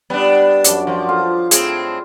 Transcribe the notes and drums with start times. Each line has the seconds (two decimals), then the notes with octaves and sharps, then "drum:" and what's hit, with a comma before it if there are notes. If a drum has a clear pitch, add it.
0.10 G3 B3 D4
0.64 F#2 D5 A5, drum: hi-hat
0.87 F3 F#4 C5
1.09 F4 A4
1.51 A2 C4 G#4, drum: hi-hat